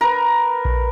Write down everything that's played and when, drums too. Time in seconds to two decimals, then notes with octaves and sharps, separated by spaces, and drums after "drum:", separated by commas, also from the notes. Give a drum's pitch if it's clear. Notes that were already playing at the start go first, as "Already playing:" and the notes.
0.01 A#4 B4
0.65 drum: kick A#1